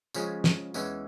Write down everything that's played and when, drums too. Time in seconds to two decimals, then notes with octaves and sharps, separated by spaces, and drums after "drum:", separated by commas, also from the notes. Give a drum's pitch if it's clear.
0.14 C#3 F3 G#3 C#4, drum: tambourine
0.44 drum: snare
0.74 E2 E3 G#3 C#4 E4, drum: tambourine